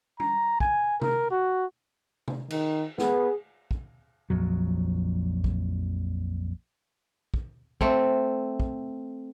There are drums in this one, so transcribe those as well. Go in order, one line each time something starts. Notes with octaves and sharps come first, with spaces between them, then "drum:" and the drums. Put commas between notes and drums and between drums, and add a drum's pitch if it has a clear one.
A#5, drum: tom
G#5, drum: kick
A#4, drum: tom C3
F#4
drum: tom C3
D#3, drum: cymbal
B3 G#4, drum: snare
drum: kick
A#1 F2 F#3
drum: kick
drum: kick
A3 C4, drum: kick
drum: kick